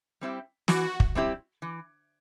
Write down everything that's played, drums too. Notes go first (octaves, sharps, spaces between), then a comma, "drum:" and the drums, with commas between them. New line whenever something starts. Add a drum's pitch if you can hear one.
G3 C4 E4 G4
E3 F#4, drum: snare
drum: kick
G3 C4 E4 G4
E3